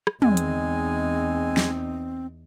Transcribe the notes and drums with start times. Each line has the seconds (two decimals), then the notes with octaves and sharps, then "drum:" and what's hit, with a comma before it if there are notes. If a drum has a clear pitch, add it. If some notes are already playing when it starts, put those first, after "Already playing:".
0.07 drum: rim click
0.22 E2 G#3 C4 D#4 G#5, drum: tom
0.37 drum: hi-hat
1.57 drum: snare